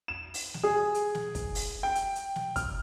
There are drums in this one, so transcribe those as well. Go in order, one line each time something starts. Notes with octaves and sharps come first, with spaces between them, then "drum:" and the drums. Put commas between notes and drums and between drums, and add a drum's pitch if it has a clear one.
E7
drum: open hi-hat
drum: snare
G#4
drum: hi-hat
drum: snare
drum: kick, hi-hat
drum: open hi-hat
G5
drum: hi-hat
drum: hi-hat
drum: snare
F6, drum: kick, hi-hat